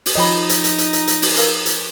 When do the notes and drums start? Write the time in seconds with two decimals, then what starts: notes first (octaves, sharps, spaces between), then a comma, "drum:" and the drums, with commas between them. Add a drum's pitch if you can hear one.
0.06 drum: open hi-hat
0.15 F3 D#4 C#5 D#5 G5 A#5 B5
0.49 drum: hi-hat
0.64 drum: hi-hat
0.78 drum: hi-hat
0.93 drum: hi-hat
1.07 drum: hi-hat
1.22 drum: open hi-hat
1.37 A#4 B4 F5, drum: hi-hat
1.66 drum: hi-hat